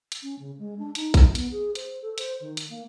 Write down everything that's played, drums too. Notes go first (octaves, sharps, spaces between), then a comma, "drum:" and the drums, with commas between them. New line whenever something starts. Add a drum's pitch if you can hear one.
drum: hi-hat
C#4
C#3
G#3
D4
D#4, drum: hi-hat
drum: kick A#1, hi-hat
B3, drum: hi-hat
G#4
C5, drum: hi-hat
A4
C5, drum: hi-hat
D#3
drum: hi-hat
A#3